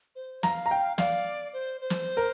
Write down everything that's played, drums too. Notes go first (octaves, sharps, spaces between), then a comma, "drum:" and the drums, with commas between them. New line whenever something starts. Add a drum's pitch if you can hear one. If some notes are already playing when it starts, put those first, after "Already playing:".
C5
F5 A#5, drum: snare
A#5
G5
D5 F5, drum: snare
C5
C5
drum: snare
A#4